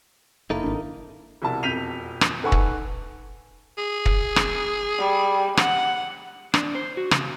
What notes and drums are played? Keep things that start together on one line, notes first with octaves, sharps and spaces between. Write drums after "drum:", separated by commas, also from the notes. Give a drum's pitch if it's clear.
F#1 A#3 D#4 E4 A4 A#4
G#1 D4
E1 C2 E4 A5
E1 F2 G6 B6 D#7 F7
drum: rim click
D#4 A4 B4 F#5 G#5 C#6
drum: kick
G#4
drum: kick
drum: rim click
G3
F#5, drum: rim click
D4, drum: rim click
C5
F#4
C#3, drum: rim click